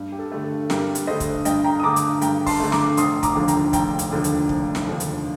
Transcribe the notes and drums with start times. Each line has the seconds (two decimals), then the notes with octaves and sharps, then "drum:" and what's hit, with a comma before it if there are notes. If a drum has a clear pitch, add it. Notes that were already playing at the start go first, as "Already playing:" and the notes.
Already playing: G2
0.12 G4
0.19 A4
0.32 D3 A3
0.44 A4
0.70 G2 G4 A#4, drum: snare
0.95 drum: hi-hat
1.07 D3 A3 C5 D#5
1.20 drum: kick, hi-hat
1.45 G2 D#5 G5, drum: hi-hat
1.64 G5 A#5
1.80 D#6
1.83 D3 A3 A#5 D6
1.96 drum: hi-hat
2.22 G2 G5 A#5, drum: hi-hat
2.46 A5 C6, drum: kick, open hi-hat
2.60 D3 A3
2.72 A#5 D6, drum: snare
2.97 F1 C6 D#6, drum: hi-hat
3.23 A#5 D6, drum: kick, hi-hat
3.35 D#2 D3 F3
3.48 G5 A#5, drum: hi-hat
3.73 F1 G5 A#5, drum: kick, hi-hat
3.99 drum: hi-hat
4.11 D#2 D3 F3
4.24 drum: hi-hat
4.49 F1, drum: kick
4.75 drum: snare
4.87 D#2 D3 F3
5.00 drum: hi-hat